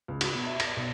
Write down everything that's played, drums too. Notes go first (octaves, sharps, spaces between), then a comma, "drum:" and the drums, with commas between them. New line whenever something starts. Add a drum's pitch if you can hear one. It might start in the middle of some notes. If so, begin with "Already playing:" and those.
C#2
F#4, drum: cymbal
B2
E5
A#6, drum: cymbal
B1